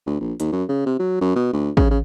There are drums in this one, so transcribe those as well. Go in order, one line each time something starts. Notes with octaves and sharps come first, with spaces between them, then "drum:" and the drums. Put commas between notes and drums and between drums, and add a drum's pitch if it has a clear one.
D2
A#1
D#2, drum: hi-hat
F#2
C#3
C3
F#3
F#2
B2
D2
C#3, drum: kick A1
C#3